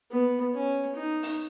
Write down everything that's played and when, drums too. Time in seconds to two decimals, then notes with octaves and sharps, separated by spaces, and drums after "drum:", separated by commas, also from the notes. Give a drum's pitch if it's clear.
0.11 B3
0.54 C#4
0.96 D#4
1.23 drum: open hi-hat